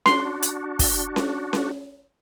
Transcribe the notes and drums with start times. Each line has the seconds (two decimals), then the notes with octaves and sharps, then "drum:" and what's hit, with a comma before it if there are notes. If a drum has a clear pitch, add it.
0.06 D4 F#4 C6, drum: snare C#4
0.42 drum: hi-hat
0.79 drum: kick, open hi-hat
1.16 drum: snare C#4
1.53 drum: snare C#4